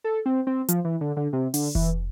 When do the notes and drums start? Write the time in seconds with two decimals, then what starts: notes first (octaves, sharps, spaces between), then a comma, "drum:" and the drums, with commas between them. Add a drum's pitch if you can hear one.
0.04 A4
0.26 C4
0.47 C4
0.69 F3, drum: hi-hat
0.85 E3
1.01 D3
1.17 D3
1.33 C3
1.54 D3, drum: open hi-hat
1.75 E3, drum: kick F1